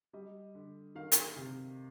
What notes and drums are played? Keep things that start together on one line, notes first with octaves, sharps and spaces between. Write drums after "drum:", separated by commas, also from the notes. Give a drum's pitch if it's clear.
G3 D#5
D3
D#3 F5
drum: hi-hat
C3